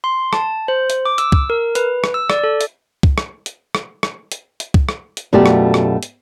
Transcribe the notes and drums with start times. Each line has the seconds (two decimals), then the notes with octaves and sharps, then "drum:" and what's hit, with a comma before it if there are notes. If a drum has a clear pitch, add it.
0.04 C6
0.33 A5, drum: rim click
0.68 C5
0.90 drum: hi-hat
1.06 D6
1.18 E6, drum: hi-hat
1.32 drum: kick
1.50 A#4
1.75 B4, drum: hi-hat
2.04 drum: rim click
2.14 E6
2.30 D5, drum: rim click
2.44 A4
2.61 drum: hi-hat
3.03 drum: kick
3.18 drum: rim click
3.46 drum: hi-hat
3.75 drum: rim click
4.03 drum: rim click
4.32 drum: hi-hat
4.60 drum: hi-hat
4.74 drum: kick
4.89 drum: rim click
5.17 drum: hi-hat
5.33 F#2 B2 A3 F4 G4 D5
5.46 drum: rim click
5.74 drum: rim click
6.03 drum: hi-hat